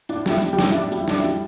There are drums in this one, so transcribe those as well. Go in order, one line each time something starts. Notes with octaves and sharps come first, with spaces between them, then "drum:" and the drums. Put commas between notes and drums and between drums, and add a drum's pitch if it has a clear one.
A2 D4, drum: hi-hat
G3 E4, drum: snare
G3, drum: hi-hat
G3 G4
A2, drum: snare
E4
G3 D4
G3, drum: hi-hat
E4
A2 D4, drum: snare
E4
G3, drum: hi-hat